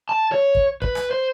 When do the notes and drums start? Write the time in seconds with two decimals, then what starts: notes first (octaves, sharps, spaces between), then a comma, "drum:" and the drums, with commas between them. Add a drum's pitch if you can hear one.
0.09 A5
0.32 C#5
0.55 drum: kick
0.82 B4, drum: kick
0.95 drum: rim click
1.11 C5